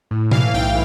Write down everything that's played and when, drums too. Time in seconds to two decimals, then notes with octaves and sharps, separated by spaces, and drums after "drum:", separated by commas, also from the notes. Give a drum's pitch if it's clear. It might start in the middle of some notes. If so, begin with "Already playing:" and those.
0.11 A2
0.31 E3 F5, drum: tom B2
0.54 B1 G5